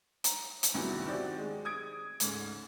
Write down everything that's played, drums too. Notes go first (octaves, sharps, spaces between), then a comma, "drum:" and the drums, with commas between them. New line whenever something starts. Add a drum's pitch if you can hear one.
A#5, drum: hi-hat
drum: hi-hat
E2 G2 C3 D#3 E3 F#3
D#3 C4 F#4 G4 D5
G#3
D#6 G#6 D7
D2 G#2 C#3, drum: hi-hat